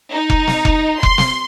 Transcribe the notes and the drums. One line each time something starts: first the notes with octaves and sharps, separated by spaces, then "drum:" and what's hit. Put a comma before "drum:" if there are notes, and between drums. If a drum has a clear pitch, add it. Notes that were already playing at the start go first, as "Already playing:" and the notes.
D#4
drum: kick F1
drum: snare
drum: kick F1
C6, drum: kick F1
drum: snare